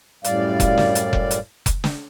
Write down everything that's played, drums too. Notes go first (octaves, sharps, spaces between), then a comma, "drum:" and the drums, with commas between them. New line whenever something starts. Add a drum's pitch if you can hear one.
F#2 A2 G3 D5 F5, drum: hi-hat
drum: kick F1, hi-hat
drum: snare
drum: hi-hat
drum: kick F1
drum: hi-hat
drum: kick F1, hi-hat
drum: snare